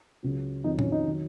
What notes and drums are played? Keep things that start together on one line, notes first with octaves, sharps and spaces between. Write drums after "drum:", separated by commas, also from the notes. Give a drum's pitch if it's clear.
C#2 C#3 F#3
F2 D#3 F#3 D#4
C#4, drum: tom
D#4
D#3 F#3